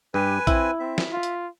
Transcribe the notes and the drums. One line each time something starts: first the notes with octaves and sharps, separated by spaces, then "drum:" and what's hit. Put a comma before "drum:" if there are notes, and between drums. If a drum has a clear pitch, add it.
G2 G4 B4 G#5
C4 E4, drum: kick A#1, hi-hat
C4 E5
drum: snare
F4
drum: hi-hat